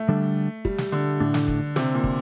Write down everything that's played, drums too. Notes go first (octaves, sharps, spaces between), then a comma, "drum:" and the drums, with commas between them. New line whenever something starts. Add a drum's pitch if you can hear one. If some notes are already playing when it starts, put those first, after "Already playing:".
Already playing: A3
D3 G3 D4 A4
G3, drum: kick
drum: snare
D3
A2 A3 D4
drum: snare
drum: kick
C3, drum: snare
A#2
drum: kick